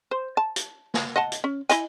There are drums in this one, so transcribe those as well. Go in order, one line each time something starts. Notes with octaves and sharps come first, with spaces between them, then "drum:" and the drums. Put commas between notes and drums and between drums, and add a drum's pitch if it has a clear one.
C5
A5
drum: hi-hat
drum: snare
D#5 F#5 A5
drum: hi-hat
C#4
E4 D#5 G#5, drum: hi-hat